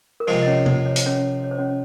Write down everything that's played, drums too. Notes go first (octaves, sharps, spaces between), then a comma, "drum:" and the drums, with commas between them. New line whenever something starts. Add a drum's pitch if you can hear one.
A#4
C3 F3 G#3 C5
D#5
C#4 C#5
C5, drum: tom C3
C#5
C5, drum: hi-hat
C#4 C#5
C#5
C5
C#4 C#5